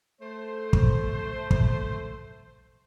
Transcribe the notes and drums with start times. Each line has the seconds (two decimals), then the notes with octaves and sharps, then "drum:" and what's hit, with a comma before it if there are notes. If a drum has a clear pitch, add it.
0.21 A3 C5
0.73 drum: kick
1.51 drum: kick